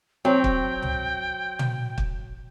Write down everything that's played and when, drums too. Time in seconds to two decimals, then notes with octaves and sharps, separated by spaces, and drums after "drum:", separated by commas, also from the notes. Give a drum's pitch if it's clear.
0.25 F#3 C4 G5
0.44 drum: kick
0.82 drum: tom C#2
1.59 drum: tom
1.98 drum: kick